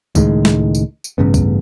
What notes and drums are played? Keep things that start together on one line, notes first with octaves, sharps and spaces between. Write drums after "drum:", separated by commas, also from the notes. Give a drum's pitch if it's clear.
C#2 A2 D#3 G#3, drum: kick, tambourine
drum: snare
drum: tambourine
drum: tambourine
A1 G2 C#3 B3
drum: kick, tambourine